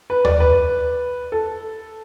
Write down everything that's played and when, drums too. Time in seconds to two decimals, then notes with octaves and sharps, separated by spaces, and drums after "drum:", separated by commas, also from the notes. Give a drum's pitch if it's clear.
0.10 B4
0.25 D5, drum: tom D#2
0.40 B4
1.32 A4